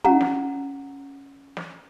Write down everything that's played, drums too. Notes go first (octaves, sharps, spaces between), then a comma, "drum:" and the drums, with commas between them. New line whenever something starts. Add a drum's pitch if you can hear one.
C#4 F#5 A#5, drum: tom
drum: snare
drum: snare